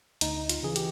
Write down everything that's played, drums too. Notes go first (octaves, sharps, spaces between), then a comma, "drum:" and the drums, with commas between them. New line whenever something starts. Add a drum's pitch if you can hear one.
D2 D#4, drum: hi-hat
F4, drum: hi-hat
C#3 E3 G#4
G4, drum: hi-hat